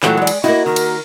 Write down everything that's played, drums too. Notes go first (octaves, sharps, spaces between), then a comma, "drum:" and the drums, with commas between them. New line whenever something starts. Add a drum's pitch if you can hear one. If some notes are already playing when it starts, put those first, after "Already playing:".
A#2 E3 F#3 A3 F#5 G5, drum: clap
G#3 D5
drum: cymbal
A#3 E4 F#4 D#5
D#3 A#4
drum: cymbal